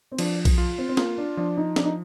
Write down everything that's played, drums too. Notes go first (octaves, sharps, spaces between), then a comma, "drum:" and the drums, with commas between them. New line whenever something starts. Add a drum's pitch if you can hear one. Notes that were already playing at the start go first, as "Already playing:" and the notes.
C4
F3 D4, drum: cymbal
drum: kick B1, cymbal
F4
C4
C4
A#3 F4, drum: snare
D4
F3 D4
D#4
F3 D4, drum: snare
D#4